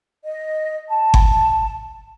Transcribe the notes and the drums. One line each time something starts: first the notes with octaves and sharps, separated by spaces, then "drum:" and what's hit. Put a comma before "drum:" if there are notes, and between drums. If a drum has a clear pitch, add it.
D#5
A5
drum: kick G1